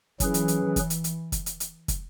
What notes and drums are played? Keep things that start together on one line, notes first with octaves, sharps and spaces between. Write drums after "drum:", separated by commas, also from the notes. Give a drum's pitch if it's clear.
E3 F#3 C#4 G#4 B4, drum: kick, hi-hat
drum: hi-hat
drum: hi-hat
E3
drum: kick, hi-hat
drum: hi-hat
drum: hi-hat
drum: kick, hi-hat
drum: hi-hat
drum: hi-hat
drum: kick, hi-hat